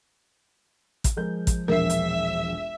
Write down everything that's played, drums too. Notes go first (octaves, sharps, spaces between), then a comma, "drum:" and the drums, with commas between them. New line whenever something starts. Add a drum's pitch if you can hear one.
drum: kick, hi-hat
F3 G#3 A#4 G6
drum: kick, hi-hat
E1 A#1 A#4 E5 C7
drum: hi-hat